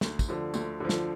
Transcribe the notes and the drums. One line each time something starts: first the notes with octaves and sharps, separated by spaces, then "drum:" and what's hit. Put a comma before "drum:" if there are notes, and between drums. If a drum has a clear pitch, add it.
D2, drum: snare
drum: kick, tambourine
D3 F3
D2, drum: tambourine
D3 F3
drum: snare